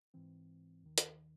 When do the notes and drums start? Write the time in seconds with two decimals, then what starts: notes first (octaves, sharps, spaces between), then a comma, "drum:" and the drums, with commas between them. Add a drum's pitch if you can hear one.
0.14 G#2 E3 C4
0.83 D#2 D#3
0.98 drum: hi-hat